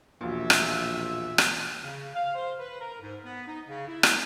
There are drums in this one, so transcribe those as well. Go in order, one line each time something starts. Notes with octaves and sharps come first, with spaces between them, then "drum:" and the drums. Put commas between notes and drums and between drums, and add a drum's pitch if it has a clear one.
E1 A#1 A#2 E5
drum: rim click
drum: rim click
C#3
F5
C5
B4
A#4
G#2
B3
D#4
C#3
E4
drum: rim click